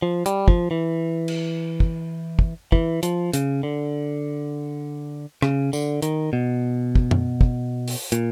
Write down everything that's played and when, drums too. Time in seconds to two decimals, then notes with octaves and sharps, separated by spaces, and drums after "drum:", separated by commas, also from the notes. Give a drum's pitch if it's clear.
0.02 F3
0.26 G3, drum: hi-hat
0.48 F3, drum: kick
0.71 E3
1.28 drum: cymbal
1.80 drum: kick
2.39 drum: kick
2.72 E3, drum: kick
3.03 F3, drum: hi-hat
3.33 C#3, drum: hi-hat
3.63 D3
5.42 C#3, drum: rim click
5.73 D3, drum: tambourine
6.02 D#3, drum: hi-hat
6.33 B2
6.95 drum: kick
7.11 drum: tom F#2
7.41 drum: kick
7.88 drum: open hi-hat
8.12 A#2, drum: hi-hat